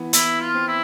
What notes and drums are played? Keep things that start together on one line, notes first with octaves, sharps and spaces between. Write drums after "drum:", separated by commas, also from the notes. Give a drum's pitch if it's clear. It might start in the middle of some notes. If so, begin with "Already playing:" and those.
Already playing: E3 B3
B3 E4, drum: hi-hat
F4
C4
E4